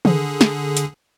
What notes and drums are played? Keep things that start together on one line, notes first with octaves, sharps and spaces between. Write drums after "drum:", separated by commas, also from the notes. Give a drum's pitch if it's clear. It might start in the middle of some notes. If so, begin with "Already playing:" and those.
D3 G#4, drum: tom D#3
drum: snare
drum: hi-hat